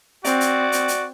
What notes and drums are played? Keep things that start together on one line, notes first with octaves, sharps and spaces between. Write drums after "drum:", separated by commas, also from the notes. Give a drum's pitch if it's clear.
C4 F#4 D5, drum: hi-hat
drum: hi-hat
drum: hi-hat
drum: hi-hat